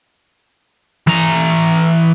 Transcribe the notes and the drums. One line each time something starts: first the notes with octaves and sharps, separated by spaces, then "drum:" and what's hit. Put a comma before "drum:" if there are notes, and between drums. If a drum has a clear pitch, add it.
E3 A#5, drum: tom E3